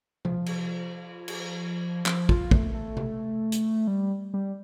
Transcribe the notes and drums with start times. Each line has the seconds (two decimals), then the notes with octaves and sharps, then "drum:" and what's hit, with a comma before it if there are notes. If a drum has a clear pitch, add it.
0.25 F3, drum: tom
0.46 drum: cymbal
1.28 drum: cymbal
2.06 F3, drum: clap
2.29 F4, drum: kick
2.51 A3, drum: kick
2.74 A3
2.97 drum: tom
3.52 drum: hi-hat
3.87 G3
4.34 G3